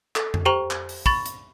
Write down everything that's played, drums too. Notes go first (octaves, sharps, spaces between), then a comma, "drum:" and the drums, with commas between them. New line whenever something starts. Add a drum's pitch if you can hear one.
A4, drum: clap
drum: tom F2
G4 C5 G5 A#5 C#6 F7
drum: clap
drum: open hi-hat
B5 C#6 A6, drum: kick
drum: hi-hat